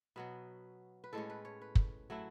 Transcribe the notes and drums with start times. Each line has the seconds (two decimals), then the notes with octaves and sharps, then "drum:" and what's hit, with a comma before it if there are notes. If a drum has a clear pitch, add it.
0.16 B2 F#3 B3 B4
1.04 B4
1.13 A2 G#3 C#4 A4
1.30 B4
1.45 C#5
1.61 B4
1.75 drum: kick
2.10 F#3 A3 E4